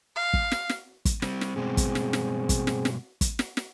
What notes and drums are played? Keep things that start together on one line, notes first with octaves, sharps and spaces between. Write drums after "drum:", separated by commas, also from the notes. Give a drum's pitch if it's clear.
F5
drum: kick
drum: snare
drum: snare
drum: kick, hi-hat
G3 C4, drum: snare
drum: snare
G2 B2 G#3 C4 G#4
drum: kick, hi-hat
drum: snare
drum: snare
drum: kick, hi-hat
drum: snare
drum: snare
drum: kick, hi-hat
drum: snare
drum: snare